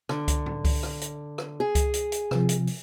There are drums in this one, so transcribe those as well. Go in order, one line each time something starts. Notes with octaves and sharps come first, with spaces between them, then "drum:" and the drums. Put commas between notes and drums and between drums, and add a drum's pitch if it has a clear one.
D3, drum: rim click
drum: kick C#2, hi-hat
drum: tom A2
drum: kick C#2, open hi-hat
drum: rim click
drum: hi-hat
drum: rim click
G#4
drum: kick C#2, hi-hat
drum: hi-hat
drum: hi-hat
C3 F3, drum: rim click
drum: hi-hat
drum: open hi-hat